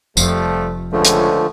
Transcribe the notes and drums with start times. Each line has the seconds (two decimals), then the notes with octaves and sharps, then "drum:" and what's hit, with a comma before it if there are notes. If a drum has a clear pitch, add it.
0.17 F1 F2 F3 G3 A3, drum: tambourine
0.92 C#2 D3 F3 A3
1.05 drum: hi-hat